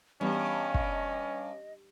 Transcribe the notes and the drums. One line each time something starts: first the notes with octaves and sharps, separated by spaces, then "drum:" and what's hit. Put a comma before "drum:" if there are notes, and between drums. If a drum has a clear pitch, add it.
G2 E3 G3 B3 C#4 D#5
drum: kick